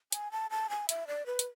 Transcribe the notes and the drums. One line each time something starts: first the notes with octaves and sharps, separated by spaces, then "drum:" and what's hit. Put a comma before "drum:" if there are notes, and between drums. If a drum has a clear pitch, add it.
G#5, drum: hi-hat
A5
A5
G#5
E5, drum: hi-hat
D5
B4
drum: hi-hat